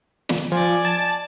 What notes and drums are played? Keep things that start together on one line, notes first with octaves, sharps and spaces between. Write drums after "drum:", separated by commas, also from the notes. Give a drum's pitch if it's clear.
drum: snare
F3 D5 G#5
A5